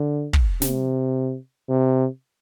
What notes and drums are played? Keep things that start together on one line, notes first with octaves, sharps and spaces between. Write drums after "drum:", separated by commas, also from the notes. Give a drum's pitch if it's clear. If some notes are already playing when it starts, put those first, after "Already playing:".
Already playing: D3
drum: kick
C3, drum: snare
C3